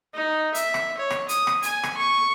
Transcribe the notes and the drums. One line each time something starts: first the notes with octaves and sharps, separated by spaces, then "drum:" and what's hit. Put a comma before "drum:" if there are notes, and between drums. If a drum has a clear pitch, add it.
D#4
E5, drum: hi-hat
drum: rim click
C#5
drum: rim click
D#6, drum: hi-hat
drum: rim click
G#5, drum: hi-hat
drum: rim click
C#6